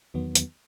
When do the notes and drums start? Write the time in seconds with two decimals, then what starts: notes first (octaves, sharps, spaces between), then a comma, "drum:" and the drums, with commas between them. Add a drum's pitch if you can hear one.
0.14 E2 D#3 F#3 B3
0.35 drum: hi-hat